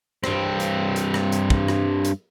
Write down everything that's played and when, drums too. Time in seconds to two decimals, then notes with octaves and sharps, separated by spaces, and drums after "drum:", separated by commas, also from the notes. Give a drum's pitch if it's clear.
0.24 G2 C4, drum: rim click
0.60 drum: hi-hat
0.96 drum: hi-hat
1.14 drum: rim click
1.32 drum: hi-hat
1.50 drum: kick
1.68 drum: rim click
2.05 drum: hi-hat